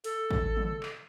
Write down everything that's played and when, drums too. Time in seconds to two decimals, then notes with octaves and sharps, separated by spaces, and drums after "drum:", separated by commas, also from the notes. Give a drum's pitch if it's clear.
0.04 A4, drum: hi-hat
0.31 drum: kick
0.57 drum: tom
0.83 drum: clap